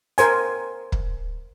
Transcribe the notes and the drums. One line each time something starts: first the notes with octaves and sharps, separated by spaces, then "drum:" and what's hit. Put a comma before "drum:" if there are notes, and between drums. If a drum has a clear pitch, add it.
A#4 C5 G#5, drum: hi-hat
drum: kick